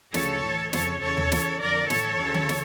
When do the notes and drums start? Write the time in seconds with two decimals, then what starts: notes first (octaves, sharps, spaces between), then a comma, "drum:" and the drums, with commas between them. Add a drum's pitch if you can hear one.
0.14 D2 C#3 F3 A4 C#5, drum: snare
0.44 A2 E3
0.73 F2 C#3 F3 A4 C#5, drum: snare
1.02 E2 C#3 E3 A4 C#5
1.17 drum: tom D#2
1.32 E2 C#3 E3, drum: snare
1.61 F2 D3 F3 A#4 D5
1.90 A2 E3 A4 C#5, drum: snare
2.20 D2 C#3 E3
2.34 drum: tom D3
2.49 drum: snare